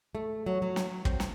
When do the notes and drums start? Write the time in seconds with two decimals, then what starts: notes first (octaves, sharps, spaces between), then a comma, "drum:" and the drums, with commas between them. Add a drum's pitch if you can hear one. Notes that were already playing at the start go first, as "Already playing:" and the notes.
0.15 A3
0.46 F#3
0.62 F#3
0.76 drum: snare
1.05 C4, drum: kick
1.20 drum: snare